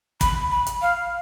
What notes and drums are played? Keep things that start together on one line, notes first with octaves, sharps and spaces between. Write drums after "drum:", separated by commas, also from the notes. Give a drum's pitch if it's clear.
B5, drum: kick, hi-hat
B5
drum: hi-hat
F5